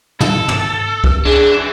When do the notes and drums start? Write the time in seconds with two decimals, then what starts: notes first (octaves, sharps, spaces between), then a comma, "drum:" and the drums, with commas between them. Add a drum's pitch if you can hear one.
0.21 A4, drum: tom
0.48 drum: tom
1.04 drum: kick C2
1.25 F#2 E3 D4 G#4